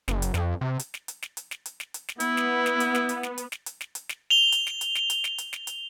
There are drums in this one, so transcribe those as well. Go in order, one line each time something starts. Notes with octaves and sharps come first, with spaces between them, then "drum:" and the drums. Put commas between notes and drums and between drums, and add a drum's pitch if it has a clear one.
F#1, drum: snare
drum: hi-hat
F2, drum: snare
C3
drum: hi-hat
drum: snare
drum: hi-hat
drum: snare
drum: hi-hat
drum: snare
drum: hi-hat
drum: snare
drum: hi-hat
drum: snare
B3 E4, drum: hi-hat
drum: snare
drum: snare
drum: hi-hat
drum: snare
drum: hi-hat
drum: snare
drum: hi-hat
drum: snare
drum: hi-hat
drum: snare
drum: hi-hat
drum: snare
F7 G7
drum: hi-hat
drum: snare
drum: hi-hat
drum: snare
drum: hi-hat
drum: snare
drum: hi-hat
drum: snare
drum: hi-hat